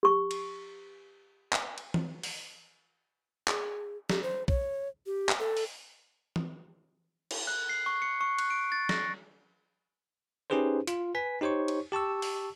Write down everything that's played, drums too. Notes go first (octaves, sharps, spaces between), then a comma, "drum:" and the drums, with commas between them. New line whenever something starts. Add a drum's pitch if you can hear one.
G4 C#6
drum: cymbal
drum: clap
drum: cymbal
drum: tom
drum: open hi-hat
G#4, drum: clap
G4, drum: snare
C5
C#5, drum: kick B1
G4
drum: clap
A4
drum: open hi-hat
drum: tom
drum: cymbal
F#6
C7
C#6
C#7
C#6
F#6, drum: cymbal
D7
A6
A#6, drum: snare
C#4 D#4 G4 G#4 B4 C5
F4, drum: hi-hat
B4 G#5 B6
D#4 G4 C5 C#5 C#6
drum: cymbal
G4 A5 C#6 E6
drum: open hi-hat